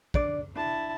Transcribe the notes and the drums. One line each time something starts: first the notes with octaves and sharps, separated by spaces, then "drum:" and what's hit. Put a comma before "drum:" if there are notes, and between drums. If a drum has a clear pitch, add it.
D4 D5, drum: kick
D4 E4 A5